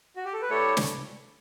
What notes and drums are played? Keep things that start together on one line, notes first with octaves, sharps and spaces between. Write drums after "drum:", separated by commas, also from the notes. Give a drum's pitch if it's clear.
F#4
G4
A4
B4
A3 E4 G4 A4 C#5 D5
drum: snare